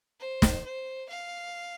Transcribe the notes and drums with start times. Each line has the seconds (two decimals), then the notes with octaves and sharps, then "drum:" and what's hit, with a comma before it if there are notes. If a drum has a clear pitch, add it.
0.20 C5
0.42 drum: snare
0.64 C5
1.09 F5